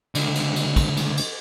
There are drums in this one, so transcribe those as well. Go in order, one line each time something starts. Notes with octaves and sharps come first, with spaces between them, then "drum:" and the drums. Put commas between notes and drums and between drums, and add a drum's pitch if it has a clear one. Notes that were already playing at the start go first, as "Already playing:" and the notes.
C#2 D3, drum: cymbal
drum: cymbal
drum: cymbal
drum: kick, cymbal
drum: cymbal
drum: cymbal